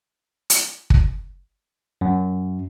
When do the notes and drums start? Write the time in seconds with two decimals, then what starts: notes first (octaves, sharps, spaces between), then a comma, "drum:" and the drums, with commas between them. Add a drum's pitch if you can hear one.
0.50 drum: hi-hat
0.90 drum: kick
2.01 F#2